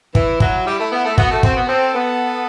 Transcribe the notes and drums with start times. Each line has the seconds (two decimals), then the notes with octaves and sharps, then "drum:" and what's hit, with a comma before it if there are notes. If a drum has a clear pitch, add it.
0.15 E3 E4, drum: kick
0.40 F#3, drum: kick
0.66 G3 E4
0.79 A3
0.92 B3
1.05 A3
1.18 B3 F#4, drum: kick
1.31 A3
1.43 C4, drum: kick
1.56 B3
1.69 C4 A4
1.95 B3